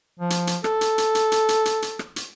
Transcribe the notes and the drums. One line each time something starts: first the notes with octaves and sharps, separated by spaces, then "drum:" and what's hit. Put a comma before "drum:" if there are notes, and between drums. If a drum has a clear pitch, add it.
F3
drum: hi-hat
drum: hi-hat
A4, drum: rim click
drum: hi-hat
drum: hi-hat
drum: hi-hat
drum: hi-hat
drum: hi-hat
drum: hi-hat
drum: hi-hat
drum: rim click
drum: hi-hat